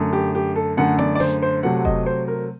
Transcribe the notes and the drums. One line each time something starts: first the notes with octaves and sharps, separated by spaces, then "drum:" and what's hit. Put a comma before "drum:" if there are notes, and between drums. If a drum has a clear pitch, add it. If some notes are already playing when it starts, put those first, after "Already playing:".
Already playing: F#2 D3 A3
G4
G4
A4
F#2 D3 A3 F#5
D5, drum: tom B3
D5
C5, drum: snare
C5
C3 F#3 A3 C4 F#5
F#5
D#5, drum: kick F1
C5
A#4